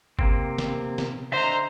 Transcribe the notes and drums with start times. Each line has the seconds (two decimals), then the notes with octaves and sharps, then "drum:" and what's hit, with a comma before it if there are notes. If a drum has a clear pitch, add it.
0.19 C3 A#3 C4, drum: kick G1
0.58 drum: snare
0.98 drum: snare
1.32 D3 C5 D#5 E5 A#5